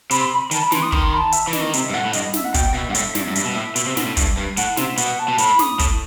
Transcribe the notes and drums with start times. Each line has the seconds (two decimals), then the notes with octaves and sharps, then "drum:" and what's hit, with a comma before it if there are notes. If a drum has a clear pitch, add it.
0.11 C3 B5, drum: hi-hat
0.20 C6
0.31 B5
0.51 D#3 A5, drum: hi-hat
0.62 B5
0.72 E3 C6, drum: snare
0.82 D#6
0.92 D#3 C6, drum: kick
1.13 B5
1.16 A5
1.32 E5, drum: hi-hat
1.47 E3
1.53 D#5, drum: snare
1.61 D#3
1.73 C3 E5, drum: hi-hat
1.90 G2
1.93 A2 F#5
2.05 A2
2.13 G2 D#5, drum: hi-hat
2.34 E5, drum: snare
2.44 F#5
2.54 B2 G5, drum: kick, hi-hat
2.74 B2 E5
2.89 G2 F#5
2.95 A2 E5, drum: hi-hat
3.15 G2, drum: snare
3.27 F#2
3.35 G2, drum: hi-hat
3.45 B2
3.56 A2
3.76 B2, drum: hi-hat
3.87 C3
3.97 B2, drum: snare
4.06 A2
4.17 G2, drum: kick, hi-hat
4.38 G2
4.57 A2 F#5, drum: hi-hat
4.77 C3 E5, drum: snare
4.97 B2 F#5, drum: hi-hat
5.19 A5
5.28 B2
5.38 A2 B5, drum: hi-hat
5.59 D#6, drum: snare
5.79 A2, drum: kick, hi-hat